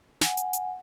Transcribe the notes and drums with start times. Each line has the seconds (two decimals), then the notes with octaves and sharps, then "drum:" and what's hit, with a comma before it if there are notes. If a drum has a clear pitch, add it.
0.21 F#5 G#5, drum: snare
0.37 drum: hi-hat
0.53 drum: hi-hat